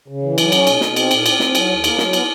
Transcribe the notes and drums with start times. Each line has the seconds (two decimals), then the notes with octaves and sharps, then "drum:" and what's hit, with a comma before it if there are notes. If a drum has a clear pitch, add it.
0.08 C#3
0.23 E3
0.38 F#3, drum: cymbal
0.52 C#4, drum: cymbal
0.67 B2, drum: cymbal
0.81 B2, drum: snare
0.96 C4, drum: cymbal
1.11 A#2, drum: cymbal
1.26 C4, drum: cymbal
1.40 C4, drum: snare
1.55 F#3, drum: cymbal
1.69 D#2
1.84 A#3, drum: cymbal
1.98 F#3, drum: snare
2.13 B3, drum: cymbal